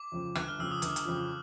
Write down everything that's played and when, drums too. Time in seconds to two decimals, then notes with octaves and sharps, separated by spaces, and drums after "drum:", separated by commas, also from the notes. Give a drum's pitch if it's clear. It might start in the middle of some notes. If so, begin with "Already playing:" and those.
Already playing: D6
0.12 F2 C#3 F3
0.35 G1 F#6, drum: rim click
0.48 F6
0.58 F2 C#3 F3 E6
0.71 D#6
0.82 G1 D6, drum: hi-hat
0.96 drum: hi-hat
1.05 F2 C#3 F3